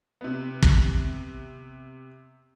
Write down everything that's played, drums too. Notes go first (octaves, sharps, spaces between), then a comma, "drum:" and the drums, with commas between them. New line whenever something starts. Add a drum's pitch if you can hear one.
C3 B3
drum: kick